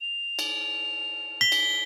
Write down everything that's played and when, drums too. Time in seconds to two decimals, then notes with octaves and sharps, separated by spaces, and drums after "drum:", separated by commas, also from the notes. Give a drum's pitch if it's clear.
0.01 F7
0.39 drum: cymbal
1.41 B6 G7
1.52 drum: cymbal